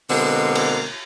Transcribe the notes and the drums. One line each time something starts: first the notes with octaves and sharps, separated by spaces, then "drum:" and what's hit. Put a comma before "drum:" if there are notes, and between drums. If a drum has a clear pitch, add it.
B2 D3 G#3 A#3 C4, drum: open hi-hat
drum: cymbal